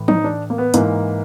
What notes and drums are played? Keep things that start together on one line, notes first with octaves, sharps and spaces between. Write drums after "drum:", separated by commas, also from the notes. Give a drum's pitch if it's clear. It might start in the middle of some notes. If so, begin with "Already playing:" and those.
Already playing: A2 E3
D#4, drum: tom
D4
A#3
B3
G#2 E3 A#3, drum: hi-hat